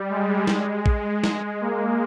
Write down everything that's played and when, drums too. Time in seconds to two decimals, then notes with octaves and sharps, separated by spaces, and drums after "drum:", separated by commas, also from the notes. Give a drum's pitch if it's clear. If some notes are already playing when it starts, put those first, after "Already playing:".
Already playing: G3
0.10 G#3
0.47 G#3, drum: snare
0.86 drum: kick A#1
1.24 drum: snare
1.61 A#3